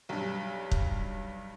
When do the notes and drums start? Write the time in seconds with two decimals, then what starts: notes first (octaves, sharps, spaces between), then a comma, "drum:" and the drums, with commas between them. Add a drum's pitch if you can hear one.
0.09 B1 G2
0.71 drum: kick